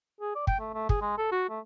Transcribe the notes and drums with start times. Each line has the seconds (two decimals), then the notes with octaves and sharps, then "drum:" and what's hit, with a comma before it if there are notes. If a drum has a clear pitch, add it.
0.21 G#4
0.35 D5
0.47 G5, drum: kick
0.60 A3
0.74 A3
0.89 G#4, drum: kick
1.01 G#3
1.18 A4
1.32 F#4
1.49 A3